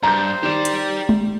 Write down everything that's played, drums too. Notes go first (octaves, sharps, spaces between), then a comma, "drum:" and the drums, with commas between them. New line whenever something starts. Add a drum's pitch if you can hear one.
G2 C5 A#5 G6
D#3 G4 D5 E7
drum: hi-hat
drum: tom G#3